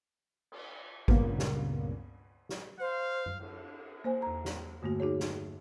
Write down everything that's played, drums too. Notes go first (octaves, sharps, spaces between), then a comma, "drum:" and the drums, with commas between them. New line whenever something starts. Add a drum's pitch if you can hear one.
drum: cymbal
C#2 G2 A#2 C#3 A#3 B3, drum: kick G#1
drum: snare
drum: snare
C5 F5
drum: tom F#2
drum: cymbal
A#3 C5 G#5
E2 A#5
drum: snare
G2 D3 A3 A#3 F#4
D#4 F#4 G#4 C#5
drum: snare